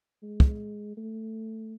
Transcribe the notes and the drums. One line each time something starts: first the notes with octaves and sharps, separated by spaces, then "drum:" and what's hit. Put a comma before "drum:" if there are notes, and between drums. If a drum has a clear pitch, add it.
G#3
drum: kick
A3